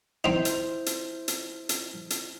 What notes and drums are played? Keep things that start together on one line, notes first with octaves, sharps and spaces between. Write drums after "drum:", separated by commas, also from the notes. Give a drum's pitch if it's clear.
C4 D#4 E4 C5
drum: hi-hat
drum: hi-hat
drum: hi-hat
drum: hi-hat
drum: hi-hat